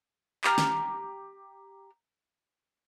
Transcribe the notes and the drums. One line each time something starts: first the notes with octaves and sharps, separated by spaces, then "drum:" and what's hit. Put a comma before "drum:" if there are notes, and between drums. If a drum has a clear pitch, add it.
G4 A#5 F6, drum: clap
drum: snare